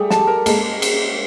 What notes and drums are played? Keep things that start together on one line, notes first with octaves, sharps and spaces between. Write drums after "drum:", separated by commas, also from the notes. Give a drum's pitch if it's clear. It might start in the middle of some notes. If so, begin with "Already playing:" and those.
Already playing: G3 A3 G#4
A5, drum: snare
A#4
G#3 A#3 A4, drum: cymbal
drum: cymbal